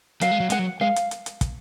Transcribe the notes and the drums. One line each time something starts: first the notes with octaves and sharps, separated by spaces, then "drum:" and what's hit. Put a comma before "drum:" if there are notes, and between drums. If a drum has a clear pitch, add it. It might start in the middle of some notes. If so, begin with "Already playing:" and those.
F#3 F5, drum: hi-hat
G#3
F#3
G#3 F#5, drum: hi-hat
F#3
G#3 F5
drum: hi-hat
drum: hi-hat
drum: hi-hat
drum: kick, hi-hat